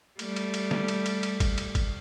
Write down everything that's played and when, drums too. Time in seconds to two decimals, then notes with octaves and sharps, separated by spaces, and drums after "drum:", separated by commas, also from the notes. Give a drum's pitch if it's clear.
0.19 G3 A3, drum: cymbal
0.36 drum: cymbal
0.54 drum: cymbal
0.71 drum: snare
0.88 drum: cymbal
1.06 drum: cymbal
1.23 drum: cymbal
1.40 drum: kick, cymbal
1.58 drum: cymbal
1.75 drum: kick, cymbal